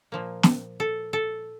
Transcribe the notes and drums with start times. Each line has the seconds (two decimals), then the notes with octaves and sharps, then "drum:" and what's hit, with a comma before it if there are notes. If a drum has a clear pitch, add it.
0.12 A#2 F3 A#3
0.43 drum: snare
0.80 A4
1.13 A4